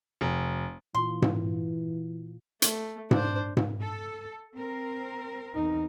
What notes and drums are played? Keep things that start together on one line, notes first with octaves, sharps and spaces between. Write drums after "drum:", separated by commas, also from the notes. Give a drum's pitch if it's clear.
F1
A#2 E3 F4 C6
drum: tom G#2
A3, drum: hi-hat
D4 C5, drum: tom G#2
drum: tom G#2
A4
C4 A#4
E2 D#4